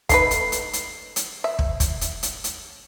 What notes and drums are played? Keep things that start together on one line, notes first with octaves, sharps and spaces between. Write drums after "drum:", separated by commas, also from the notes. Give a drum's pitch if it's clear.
A3 D#4 B4 C7, drum: kick, hi-hat
drum: hi-hat
drum: hi-hat
drum: hi-hat
drum: hi-hat
E5
drum: kick
drum: kick, hi-hat
drum: hi-hat
drum: hi-hat
drum: hi-hat